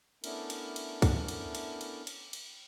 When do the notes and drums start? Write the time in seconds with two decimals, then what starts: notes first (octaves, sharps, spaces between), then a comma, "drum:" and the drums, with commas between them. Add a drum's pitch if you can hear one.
0.24 A3 B3 C#4 D4 E4 A#4, drum: cymbal
0.50 drum: cymbal
0.76 drum: cymbal
1.02 drum: kick, cymbal
1.28 drum: cymbal
1.55 drum: cymbal
1.81 drum: cymbal
2.07 drum: cymbal
2.33 drum: cymbal